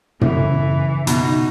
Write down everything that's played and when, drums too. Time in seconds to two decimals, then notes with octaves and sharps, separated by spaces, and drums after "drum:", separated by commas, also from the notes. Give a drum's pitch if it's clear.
0.21 C#3 E3, drum: tom
1.07 B2 D#4, drum: hi-hat